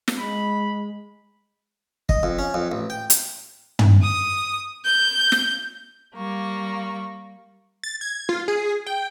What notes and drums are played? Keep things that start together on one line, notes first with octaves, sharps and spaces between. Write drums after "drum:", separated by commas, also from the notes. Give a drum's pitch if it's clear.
drum: snare
G#3 B5
D#5, drum: kick
F2
C#4
F2
A1
G5
drum: hi-hat
drum: tom
D#6
G6
drum: snare
G3 A#3 C#6
A6
G#6
F4
G#4
G5